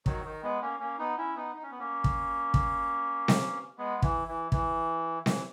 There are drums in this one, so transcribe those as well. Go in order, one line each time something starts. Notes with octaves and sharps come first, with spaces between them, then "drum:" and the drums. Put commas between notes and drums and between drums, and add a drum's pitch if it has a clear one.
D#3 F#3, drum: kick
D#3
G#3 B3
A#3 C#4
A#3 C#4
B3 D#4
C#4 E4
B3 D#4
D#4
C#4
B3
A#3 C#4
drum: kick
drum: kick
drum: snare C4
G#3 B3
E3, drum: kick
E3
E3, drum: kick
E3, drum: snare C4